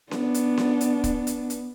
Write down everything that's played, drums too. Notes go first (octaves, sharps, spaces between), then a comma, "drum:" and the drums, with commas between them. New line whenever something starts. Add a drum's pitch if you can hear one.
B3 D4, drum: snare C#4
drum: hi-hat
drum: snare C#4
drum: hi-hat
drum: kick, hi-hat
drum: hi-hat
drum: hi-hat